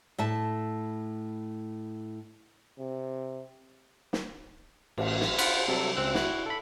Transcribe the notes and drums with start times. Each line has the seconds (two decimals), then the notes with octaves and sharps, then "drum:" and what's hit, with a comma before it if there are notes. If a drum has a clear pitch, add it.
0.18 A2 E5 A5
2.79 C3
4.13 drum: snare
4.98 A1, drum: cymbal
5.21 drum: snare
5.39 F4 C5 F#5 B5, drum: cymbal
5.68 C3 F#3 G3 A4
5.97 C#2 C4 E6 F#6
6.15 E4 F#4 F#6, drum: snare
6.46 A4 B5